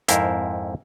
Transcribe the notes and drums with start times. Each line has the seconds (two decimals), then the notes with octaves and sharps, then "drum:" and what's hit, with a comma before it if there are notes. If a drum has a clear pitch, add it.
0.08 F2 G#2 E4 A#4 C5, drum: hi-hat